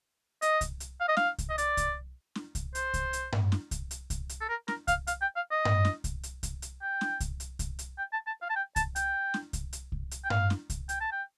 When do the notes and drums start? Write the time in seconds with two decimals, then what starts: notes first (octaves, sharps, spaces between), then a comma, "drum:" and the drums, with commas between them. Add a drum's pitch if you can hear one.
0.42 D#5, drum: hi-hat
0.61 drum: kick C2, hi-hat
0.80 drum: hi-hat
1.00 F5
1.08 D#5
1.17 F5, drum: snare
1.38 drum: kick C2, hi-hat
1.50 D#5
1.58 D5, drum: hi-hat
1.77 drum: kick C2, hi-hat
2.35 drum: snare
2.55 drum: kick C2, hi-hat
2.75 C5, drum: hi-hat
2.94 drum: kick C2, hi-hat
3.13 drum: hi-hat
3.32 drum: tom G2
3.52 drum: snare
3.71 drum: kick C2, hi-hat
3.91 drum: hi-hat
4.10 drum: kick C2, hi-hat
4.29 drum: hi-hat
4.41 A4
4.49 A#4
4.68 A#4, drum: snare
4.88 F5, drum: kick C2, hi-hat
5.07 F5, drum: hi-hat
5.22 G5
5.36 F5
5.51 D#5
5.65 drum: tom G2
5.85 drum: snare
6.04 drum: kick C2, hi-hat
6.23 drum: hi-hat
6.43 drum: kick C2, hi-hat
6.62 drum: hi-hat
6.82 G5
7.01 drum: snare
7.20 drum: kick C2, hi-hat
7.40 drum: hi-hat
7.59 drum: kick C2, hi-hat
7.79 drum: hi-hat
7.98 G5
8.13 A5
8.27 A5
8.42 F5
8.50 A5
8.56 G5
8.76 A5, drum: kick C2, hi-hat
8.96 G5, drum: hi-hat
9.34 drum: snare
9.53 drum: kick C2, hi-hat
9.73 drum: hi-hat
9.92 drum: kick C2
10.11 drum: hi-hat
10.24 G5
10.30 F5, drum: tom G2
10.50 drum: snare
10.70 drum: kick C2, hi-hat
10.89 G5, drum: hi-hat
11.01 A5
11.12 G5